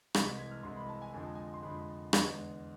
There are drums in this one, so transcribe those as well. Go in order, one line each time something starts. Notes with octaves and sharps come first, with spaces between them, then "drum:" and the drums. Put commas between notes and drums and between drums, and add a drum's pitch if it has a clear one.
C2 C3 E3 G#3 A6, drum: rim click
B6
G#6
F6
C2 C3 E3 G#3 C6
B5
A5
G#5
F2 D3 F3 G#3 G#5
A5
G#5
C6
F2 D3 F3 G#3 B5
E2 D3 G#3, drum: rim click